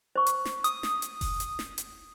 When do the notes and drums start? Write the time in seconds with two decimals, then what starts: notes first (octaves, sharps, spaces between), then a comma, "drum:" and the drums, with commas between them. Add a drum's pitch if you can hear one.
0.16 C5 C#6
0.27 drum: hi-hat
0.45 drum: snare
0.64 D#6, drum: hi-hat
0.83 drum: snare
1.02 drum: hi-hat
1.21 drum: kick F1, open hi-hat
1.40 drum: hi-hat
1.59 drum: snare
1.78 drum: hi-hat